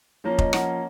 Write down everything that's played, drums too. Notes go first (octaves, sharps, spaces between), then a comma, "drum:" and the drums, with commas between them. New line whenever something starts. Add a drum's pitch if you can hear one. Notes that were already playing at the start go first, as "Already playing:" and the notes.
F3 A#3 C#4 C#5
D#5, drum: kick F1
F3 A#3 C#4 F#5, drum: rim click